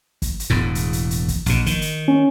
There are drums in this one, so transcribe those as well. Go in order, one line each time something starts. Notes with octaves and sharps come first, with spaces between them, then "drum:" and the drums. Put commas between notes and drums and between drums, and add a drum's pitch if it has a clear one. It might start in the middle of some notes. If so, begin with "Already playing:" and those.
drum: kick, hi-hat
drum: hi-hat
E1 E2 A2
drum: hi-hat
drum: hi-hat
drum: hi-hat
drum: kick, hi-hat
A#1 B2, drum: hi-hat
D#3, drum: kick, hi-hat
drum: hi-hat
C#4